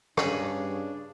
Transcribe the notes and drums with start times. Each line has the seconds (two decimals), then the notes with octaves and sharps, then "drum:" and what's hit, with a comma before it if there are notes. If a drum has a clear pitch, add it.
0.17 G2 C#3 D4 G#4 B5, drum: rim click